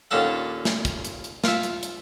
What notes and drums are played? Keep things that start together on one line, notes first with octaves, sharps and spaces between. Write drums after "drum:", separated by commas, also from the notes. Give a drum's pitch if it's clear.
D#2 A#2 C#4 D4 A4 F#5
drum: snare
drum: kick, hi-hat
drum: hi-hat
drum: hi-hat
F4 E5, drum: snare
drum: hi-hat
drum: hi-hat